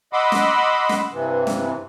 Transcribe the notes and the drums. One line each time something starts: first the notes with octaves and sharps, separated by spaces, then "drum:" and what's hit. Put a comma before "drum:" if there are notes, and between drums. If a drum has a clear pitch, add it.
D#5 F#5 B5 C6 D6 E6
drum: snare
drum: snare
G2 C3 E3
drum: snare